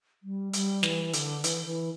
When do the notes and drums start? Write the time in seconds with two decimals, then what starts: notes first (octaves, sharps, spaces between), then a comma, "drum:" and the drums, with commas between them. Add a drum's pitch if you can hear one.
0.23 G3
0.53 G3, drum: hi-hat
0.83 E3, drum: snare
1.13 D3, drum: hi-hat
1.44 E3, drum: hi-hat
1.66 E3